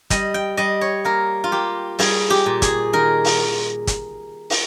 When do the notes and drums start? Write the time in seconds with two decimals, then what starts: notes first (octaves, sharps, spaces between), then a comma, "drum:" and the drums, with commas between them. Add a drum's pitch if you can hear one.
0.10 G3 D#5, drum: kick, hi-hat
0.34 G5
0.57 G3 D#5
0.81 C#5
1.05 A#3 A#4
1.44 F4
1.52 A#3 G4
1.99 G3 G#4, drum: open hi-hat
2.30 G4
2.46 A#2
2.62 G#4, drum: kick, hi-hat
2.93 D#3 A#4
3.25 drum: open hi-hat
3.87 drum: kick, hi-hat
4.50 drum: open hi-hat